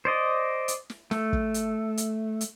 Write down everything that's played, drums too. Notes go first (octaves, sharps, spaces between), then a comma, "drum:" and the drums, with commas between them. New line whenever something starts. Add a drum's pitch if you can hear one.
C5 D5 D#5
drum: hi-hat
drum: snare
A3, drum: snare
drum: kick
drum: hi-hat
drum: hi-hat
drum: hi-hat